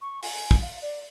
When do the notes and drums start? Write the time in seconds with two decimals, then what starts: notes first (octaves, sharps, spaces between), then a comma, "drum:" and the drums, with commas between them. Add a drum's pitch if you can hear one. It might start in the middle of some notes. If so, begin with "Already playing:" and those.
0.01 C#6
0.23 G#5, drum: open hi-hat
0.51 drum: kick
0.62 F5
0.82 D5